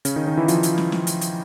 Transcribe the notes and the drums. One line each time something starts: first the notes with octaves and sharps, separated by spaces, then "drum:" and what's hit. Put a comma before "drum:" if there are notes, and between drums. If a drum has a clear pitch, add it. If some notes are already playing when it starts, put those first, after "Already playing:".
C#3 C#4, drum: hi-hat
D#3 D#4
D#3 D#4
E3 E4
F3 F4, drum: hi-hat
drum: hi-hat
drum: snare
drum: snare
drum: hi-hat
drum: hi-hat